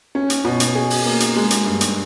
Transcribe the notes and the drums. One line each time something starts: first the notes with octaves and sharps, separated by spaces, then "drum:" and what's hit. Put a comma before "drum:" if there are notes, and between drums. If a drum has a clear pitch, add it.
C#4
drum: hi-hat
B2
drum: hi-hat
G#4
drum: open hi-hat
A#3
drum: hi-hat
G#3
drum: hi-hat
G2
drum: hi-hat